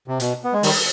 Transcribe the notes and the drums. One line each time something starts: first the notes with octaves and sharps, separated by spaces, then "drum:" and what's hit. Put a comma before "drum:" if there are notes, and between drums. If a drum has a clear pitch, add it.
C3
B2, drum: hi-hat
B3
G#3
D#3 G3, drum: open hi-hat